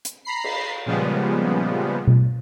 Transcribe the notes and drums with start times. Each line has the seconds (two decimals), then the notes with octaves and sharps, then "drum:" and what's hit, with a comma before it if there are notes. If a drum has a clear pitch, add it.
0.05 drum: hi-hat
0.25 A#5 B5 C7
0.44 drum: cymbal
0.86 A#2 C#3 F3 G3 G#3 B3
2.07 drum: tom B2